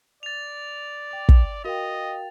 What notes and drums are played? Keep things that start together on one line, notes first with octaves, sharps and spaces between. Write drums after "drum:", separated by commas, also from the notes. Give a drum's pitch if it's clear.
D5 A6 F7
G5 D6
drum: kick
F#4 A#4 D#5 F5 G5